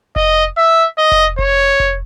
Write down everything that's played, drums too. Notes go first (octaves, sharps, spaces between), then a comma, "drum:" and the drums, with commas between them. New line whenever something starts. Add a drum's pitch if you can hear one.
D#5, drum: kick F1
E5
D#5
drum: kick F1
C#5, drum: kick F1
drum: kick F1